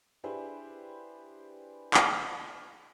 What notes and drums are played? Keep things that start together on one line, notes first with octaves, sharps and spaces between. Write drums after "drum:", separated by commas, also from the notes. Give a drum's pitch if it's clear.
D4 E4 G4 G#4 B4 C5
drum: clap